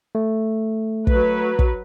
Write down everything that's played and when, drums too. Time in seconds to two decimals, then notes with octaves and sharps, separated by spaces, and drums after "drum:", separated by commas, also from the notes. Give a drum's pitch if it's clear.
0.15 A3
1.07 F#3 B4, drum: kick
1.59 drum: kick